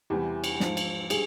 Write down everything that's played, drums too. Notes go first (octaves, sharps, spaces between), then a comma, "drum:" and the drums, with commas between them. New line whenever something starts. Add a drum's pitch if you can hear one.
E2 C3 E3 G3 G4
drum: cymbal
G#2 F3, drum: snare
drum: cymbal
G3 G#4, drum: cymbal